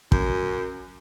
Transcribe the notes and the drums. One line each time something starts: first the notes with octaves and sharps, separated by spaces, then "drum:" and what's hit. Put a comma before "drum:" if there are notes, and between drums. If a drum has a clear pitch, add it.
F#2, drum: kick